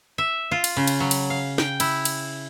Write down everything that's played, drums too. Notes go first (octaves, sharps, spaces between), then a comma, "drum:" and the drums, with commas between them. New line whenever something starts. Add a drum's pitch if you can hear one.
E5
F4
drum: cymbal
C#3
drum: cymbal
F#3
drum: cymbal
F5
G5, drum: snare
E4, drum: cymbal
drum: cymbal